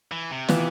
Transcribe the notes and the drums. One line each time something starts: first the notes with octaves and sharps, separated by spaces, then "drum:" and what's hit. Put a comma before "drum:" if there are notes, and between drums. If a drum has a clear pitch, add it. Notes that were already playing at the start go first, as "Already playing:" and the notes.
E3
C3
E3 B3 F4, drum: snare